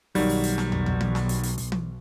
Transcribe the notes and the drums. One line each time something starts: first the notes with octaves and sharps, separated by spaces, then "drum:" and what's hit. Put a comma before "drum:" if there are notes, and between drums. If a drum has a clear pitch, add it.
B1 D#3 F#3 G3, drum: kick, open hi-hat
drum: open hi-hat
drum: hi-hat
drum: snare
drum: tom
drum: tom
drum: tom E3
drum: snare
drum: hi-hat
drum: hi-hat
drum: kick, hi-hat
drum: tom E3